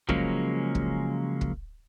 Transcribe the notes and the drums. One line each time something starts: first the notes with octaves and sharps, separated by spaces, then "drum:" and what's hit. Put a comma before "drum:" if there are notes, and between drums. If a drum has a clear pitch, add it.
C#3 F3 F#3 G#3 A#3 C#4, drum: kick
drum: kick
drum: kick